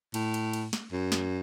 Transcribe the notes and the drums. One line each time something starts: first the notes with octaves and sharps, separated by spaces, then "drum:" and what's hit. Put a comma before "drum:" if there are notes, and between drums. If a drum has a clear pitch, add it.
A2, drum: cymbal
drum: cymbal
drum: cymbal
drum: snare
F#2
drum: snare